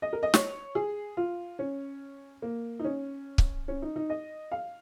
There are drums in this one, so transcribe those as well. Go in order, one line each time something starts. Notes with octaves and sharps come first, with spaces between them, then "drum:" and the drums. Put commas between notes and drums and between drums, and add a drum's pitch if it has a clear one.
D#5
A#4
D#5
C#5, drum: snare
G#4
F4
C#4
A#3
D#4
C#4
drum: kick C#1
C#4
D#4
D#4
D#5
F5